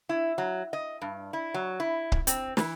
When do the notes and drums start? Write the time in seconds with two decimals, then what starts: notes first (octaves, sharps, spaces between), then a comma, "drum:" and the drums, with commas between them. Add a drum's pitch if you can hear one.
0.09 E4
0.38 F#3
0.73 D#5
1.02 G2
1.33 E4
1.54 F#3
1.80 E4
2.12 drum: kick C#1
2.27 C4, drum: hi-hat
2.57 E3, drum: snare